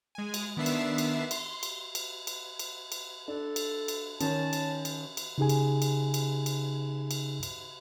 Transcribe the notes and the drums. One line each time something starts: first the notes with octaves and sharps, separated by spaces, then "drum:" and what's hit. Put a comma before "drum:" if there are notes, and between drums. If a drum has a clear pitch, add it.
G#3 G#5
drum: cymbal
D#3 B3 D4 E5 C7 E7
drum: cymbal
drum: cymbal
C6, drum: cymbal
drum: cymbal
drum: cymbal
drum: cymbal
drum: cymbal
drum: cymbal
D4 A4
drum: cymbal
drum: cymbal
D#3 C#4 A5, drum: cymbal
drum: cymbal
drum: cymbal
drum: cymbal
C#3 D#4 G4 G#4 G#5
drum: cymbal
drum: cymbal
drum: cymbal
drum: cymbal
drum: cymbal
drum: cymbal